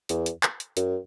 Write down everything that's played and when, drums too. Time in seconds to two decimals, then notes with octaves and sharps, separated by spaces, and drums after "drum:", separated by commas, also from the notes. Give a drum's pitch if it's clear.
0.09 E2, drum: hi-hat
0.26 drum: hi-hat
0.43 drum: clap
0.60 drum: hi-hat
0.77 F#2, drum: hi-hat